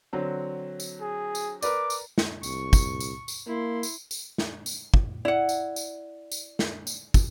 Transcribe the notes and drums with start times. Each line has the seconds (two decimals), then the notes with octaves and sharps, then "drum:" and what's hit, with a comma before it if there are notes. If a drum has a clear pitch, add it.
0.13 D3 F#3 C4
0.80 drum: tambourine
1.01 G#4
1.35 drum: tambourine
1.62 A#4 B4 D5 D6, drum: tambourine
1.90 drum: tambourine
2.18 drum: snare
2.43 C2 C#6, drum: tambourine
2.73 drum: kick, tambourine
3.00 drum: tambourine
3.28 drum: tambourine
3.47 A#3 E4 C6
3.83 drum: tambourine
4.11 drum: tambourine
4.38 drum: snare
4.66 drum: tambourine
4.94 drum: kick
5.25 E4 D5 F#5
5.49 drum: tambourine
5.76 drum: tambourine
6.32 drum: tambourine
6.59 drum: snare
6.87 drum: tambourine
7.14 drum: kick, tambourine